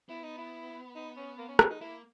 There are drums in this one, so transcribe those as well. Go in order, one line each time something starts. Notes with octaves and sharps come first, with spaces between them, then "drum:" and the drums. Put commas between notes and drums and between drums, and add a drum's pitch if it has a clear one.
B3 E4
D#4
E4
D#4
C#4
A#3
C#4
C#4, drum: rim click
D#4
A#3 E4